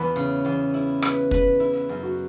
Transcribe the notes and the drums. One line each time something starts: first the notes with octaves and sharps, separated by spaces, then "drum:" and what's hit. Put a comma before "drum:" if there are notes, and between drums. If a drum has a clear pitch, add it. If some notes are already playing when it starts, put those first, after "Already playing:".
Already playing: E2 B4 B5
C#3
E2
E4
B4, drum: rim click
B4, drum: kick
E4
F#2
F#4